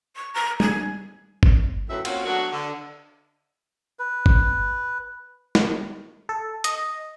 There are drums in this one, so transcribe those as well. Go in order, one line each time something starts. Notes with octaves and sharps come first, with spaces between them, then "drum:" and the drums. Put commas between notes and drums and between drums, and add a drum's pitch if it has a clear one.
C#6
A#5
G#5, drum: tom G3
drum: kick G1
F#2 A2 D#3 F#3 B4 E5
A#3 C4 C#4 F4 F#4, drum: cymbal
F#3 A3 B3 D4 F#4
D3
B4
drum: kick G1
drum: snare
A4
D#5, drum: hi-hat